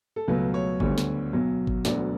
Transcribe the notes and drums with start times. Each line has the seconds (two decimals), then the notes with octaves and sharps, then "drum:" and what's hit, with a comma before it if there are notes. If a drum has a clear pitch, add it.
0.16 A4
0.28 C#2 B2 F#3 A3 B4
0.54 C#5
0.80 D2 D3 G3 B3 C#5, drum: kick G#1
0.98 drum: snare
1.33 B1 B2 F#3
1.67 drum: kick G#1
1.85 E1 D2 D3 F#3 B3 D5, drum: snare